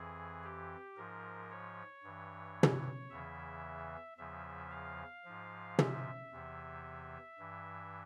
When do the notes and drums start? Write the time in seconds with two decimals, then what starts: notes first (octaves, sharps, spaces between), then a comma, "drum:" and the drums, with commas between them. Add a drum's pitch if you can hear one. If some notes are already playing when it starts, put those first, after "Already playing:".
Already playing: F2 E3 G#4
0.44 G4
0.97 G#2 F3 A#4
1.51 C#5
2.03 G2 E3
2.63 drum: tom
3.10 E2 C#3 E3 E5
4.18 E2 C#3 F3 E5
4.71 F5
5.25 G#2 F3
5.79 E5, drum: tom
6.32 E2 C3 E3
7.39 G2 E3